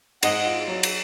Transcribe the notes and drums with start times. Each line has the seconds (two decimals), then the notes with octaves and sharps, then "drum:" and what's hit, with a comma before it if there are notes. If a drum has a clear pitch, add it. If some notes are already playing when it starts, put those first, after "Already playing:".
0.23 G#2 D#5 F#5, drum: cymbal
0.46 F4
0.68 F#3
0.83 drum: cymbal